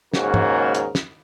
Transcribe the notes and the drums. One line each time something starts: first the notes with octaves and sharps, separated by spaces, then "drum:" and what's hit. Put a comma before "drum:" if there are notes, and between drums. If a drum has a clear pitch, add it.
D#2 G#2 C#3 A#3 F#4 A#4, drum: snare
drum: tom
drum: hi-hat
drum: snare